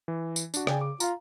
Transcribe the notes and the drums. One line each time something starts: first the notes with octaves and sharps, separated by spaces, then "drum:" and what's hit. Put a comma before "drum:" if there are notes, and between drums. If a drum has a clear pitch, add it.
E3
drum: tambourine
D4 F#4, drum: tambourine
C#3 D5 G5 G#5, drum: rim click
D6
F4 F5 A#5, drum: tambourine